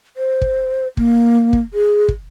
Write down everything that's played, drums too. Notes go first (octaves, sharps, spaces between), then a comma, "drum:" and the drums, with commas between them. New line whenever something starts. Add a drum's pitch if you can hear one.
C5
drum: kick
A#3, drum: kick
drum: kick
G#4
drum: kick